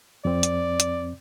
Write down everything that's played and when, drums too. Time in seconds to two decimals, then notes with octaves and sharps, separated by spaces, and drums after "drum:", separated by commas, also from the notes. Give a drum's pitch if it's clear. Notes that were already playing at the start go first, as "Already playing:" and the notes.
0.25 F2 C4 D5
0.43 drum: hi-hat
0.80 drum: hi-hat